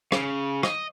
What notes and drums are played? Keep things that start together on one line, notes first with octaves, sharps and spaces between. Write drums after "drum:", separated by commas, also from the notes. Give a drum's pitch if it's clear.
C#3, drum: rim click
D#5, drum: rim click